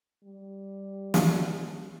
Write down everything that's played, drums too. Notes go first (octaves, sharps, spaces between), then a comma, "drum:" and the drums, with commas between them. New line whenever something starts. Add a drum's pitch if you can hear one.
G3
drum: snare